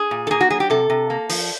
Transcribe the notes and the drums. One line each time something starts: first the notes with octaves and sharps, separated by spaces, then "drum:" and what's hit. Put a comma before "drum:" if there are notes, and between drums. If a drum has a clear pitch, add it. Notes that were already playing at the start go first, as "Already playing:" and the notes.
Already playing: G#4
A#2
A4
A#3 G#4
F#4
F#3 G#4
G4
C3 A4
C3
A#3
F3, drum: open hi-hat